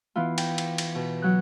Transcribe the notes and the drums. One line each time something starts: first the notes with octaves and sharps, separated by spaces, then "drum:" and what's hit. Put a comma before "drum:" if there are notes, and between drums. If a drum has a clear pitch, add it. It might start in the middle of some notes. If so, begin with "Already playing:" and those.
E3 B3 E4 F4
G5, drum: cymbal
drum: cymbal
drum: cymbal
B2
F#3 F#6